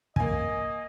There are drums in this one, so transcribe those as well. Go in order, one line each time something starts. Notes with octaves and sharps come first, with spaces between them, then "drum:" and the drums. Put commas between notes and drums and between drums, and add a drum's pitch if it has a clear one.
A#3 D#5 G#5, drum: kick